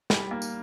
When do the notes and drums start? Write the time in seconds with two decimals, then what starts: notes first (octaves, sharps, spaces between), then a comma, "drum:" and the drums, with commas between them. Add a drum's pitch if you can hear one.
0.10 G3, drum: snare
0.31 A#3
0.42 drum: tambourine